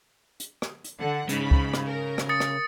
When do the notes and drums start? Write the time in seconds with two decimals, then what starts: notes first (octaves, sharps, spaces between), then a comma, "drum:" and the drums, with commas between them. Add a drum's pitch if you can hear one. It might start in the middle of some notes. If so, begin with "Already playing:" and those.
0.40 drum: hi-hat
0.62 drum: rim click
0.84 drum: hi-hat
1.00 D3 F#5
1.29 G#2 C#3 B5, drum: hi-hat
1.51 drum: kick
1.74 drum: rim click
1.87 A#4
2.18 drum: rim click
2.29 D#6 A6 C#7
2.40 drum: rim click